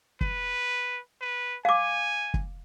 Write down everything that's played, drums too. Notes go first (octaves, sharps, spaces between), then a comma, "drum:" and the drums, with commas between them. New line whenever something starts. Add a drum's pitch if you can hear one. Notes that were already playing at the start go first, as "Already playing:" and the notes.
B4, drum: kick
B4
F5 G#5 D6
drum: kick